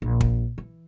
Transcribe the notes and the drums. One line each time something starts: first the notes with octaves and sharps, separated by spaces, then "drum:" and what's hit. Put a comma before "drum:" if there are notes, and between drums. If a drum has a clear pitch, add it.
A#1
drum: kick
E3